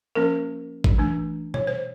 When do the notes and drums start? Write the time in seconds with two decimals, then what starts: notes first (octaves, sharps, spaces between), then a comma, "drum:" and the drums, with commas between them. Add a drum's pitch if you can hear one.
0.15 F3 A#3 C#4 A#4
0.84 drum: kick A1
0.98 E3 A3 D4
1.54 C#5, drum: tom B2
1.67 C5